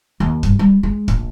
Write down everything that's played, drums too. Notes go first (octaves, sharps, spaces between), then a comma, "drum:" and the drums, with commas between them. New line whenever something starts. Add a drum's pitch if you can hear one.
D#2
G2, drum: kick
G3
G#3
A#1, drum: kick